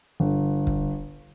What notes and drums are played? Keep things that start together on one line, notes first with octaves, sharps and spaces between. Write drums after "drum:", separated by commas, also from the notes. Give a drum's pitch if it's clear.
G1
drum: kick